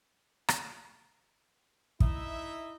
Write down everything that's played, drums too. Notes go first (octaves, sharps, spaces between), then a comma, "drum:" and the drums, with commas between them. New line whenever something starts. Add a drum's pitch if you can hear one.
drum: rim click
D#4 E4 D#5 E5, drum: kick